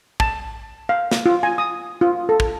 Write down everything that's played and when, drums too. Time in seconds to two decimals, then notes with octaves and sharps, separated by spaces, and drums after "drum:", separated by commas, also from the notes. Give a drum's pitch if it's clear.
0.20 A5, drum: kick
0.89 F5
1.11 drum: snare
1.26 F4
1.43 G#5
1.58 D#6
2.01 F4
2.29 A4
2.40 drum: kick